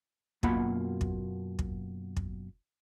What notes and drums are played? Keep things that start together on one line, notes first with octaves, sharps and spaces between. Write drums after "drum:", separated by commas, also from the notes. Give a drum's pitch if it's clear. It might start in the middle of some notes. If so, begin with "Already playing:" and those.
F#2 B2 A#3 F4 F#5 B5, drum: kick
drum: kick
drum: kick
drum: kick